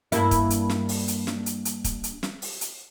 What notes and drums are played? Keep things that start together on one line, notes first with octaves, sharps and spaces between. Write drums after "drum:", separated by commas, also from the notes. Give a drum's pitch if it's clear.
G2 A#3 E4, drum: hi-hat
drum: kick, hi-hat
drum: hi-hat
drum: snare
drum: open hi-hat
drum: hi-hat
drum: snare
drum: hi-hat
drum: hi-hat
drum: kick, hi-hat
drum: hi-hat
drum: snare
drum: open hi-hat
drum: hi-hat